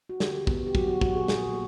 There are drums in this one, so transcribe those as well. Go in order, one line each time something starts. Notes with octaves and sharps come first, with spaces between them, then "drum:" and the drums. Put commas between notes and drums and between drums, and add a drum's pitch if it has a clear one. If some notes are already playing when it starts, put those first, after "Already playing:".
F#4
D3 G4, drum: snare
B3, drum: kick
G4
F#3 F#4, drum: kick
F#4
A#2 F#4, drum: kick
G#4
A#2 G#4, drum: snare